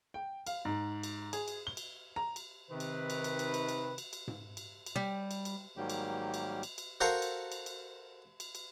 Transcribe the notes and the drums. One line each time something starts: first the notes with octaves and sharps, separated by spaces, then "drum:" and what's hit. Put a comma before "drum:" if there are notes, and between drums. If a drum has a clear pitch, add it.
G5
F5, drum: cymbal
G#2
drum: cymbal
G#4, drum: cymbal
drum: cymbal
G7
drum: cymbal
A#5
drum: cymbal
C3 D#3 B4
drum: cymbal
drum: cymbal
drum: cymbal
drum: cymbal
drum: cymbal
drum: cymbal
drum: cymbal
drum: cymbal
drum: tom G#2
drum: cymbal
drum: cymbal
G3
drum: cymbal
drum: cymbal
G#2 D#3 F#3 G3 A#3 G4
drum: cymbal
drum: cymbal
drum: cymbal
drum: cymbal
F#4 A4 A#4 C5 F5
drum: cymbal
drum: cymbal
drum: cymbal
drum: cymbal
drum: cymbal